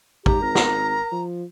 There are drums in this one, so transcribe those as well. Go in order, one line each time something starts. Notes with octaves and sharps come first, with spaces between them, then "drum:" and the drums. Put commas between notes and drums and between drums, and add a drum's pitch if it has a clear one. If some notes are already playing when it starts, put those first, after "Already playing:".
G#2 G4 A#5, drum: kick A1
G#1 A#4
drum: snare
F3